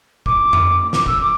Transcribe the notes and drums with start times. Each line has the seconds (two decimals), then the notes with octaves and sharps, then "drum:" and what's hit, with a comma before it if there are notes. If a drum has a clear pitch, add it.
0.26 D6, drum: kick
0.53 drum: tom F2
0.93 D6, drum: snare
1.06 E6, drum: kick
1.20 D6